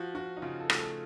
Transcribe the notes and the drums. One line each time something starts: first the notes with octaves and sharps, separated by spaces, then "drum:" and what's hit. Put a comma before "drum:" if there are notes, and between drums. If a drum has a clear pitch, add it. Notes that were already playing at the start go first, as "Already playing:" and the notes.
Already playing: F3 F#4
F3 F#4
D#4
C#3 F4
A4
A3, drum: rim click
A4